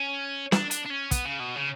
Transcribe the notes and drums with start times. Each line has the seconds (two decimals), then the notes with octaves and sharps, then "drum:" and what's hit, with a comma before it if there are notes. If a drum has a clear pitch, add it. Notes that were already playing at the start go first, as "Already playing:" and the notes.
Already playing: C#4
0.52 D4, drum: snare
0.71 D4, drum: hi-hat
0.86 D4
0.91 C#4
1.11 B3, drum: kick, hi-hat
1.25 C#3
1.40 B2
1.56 C#3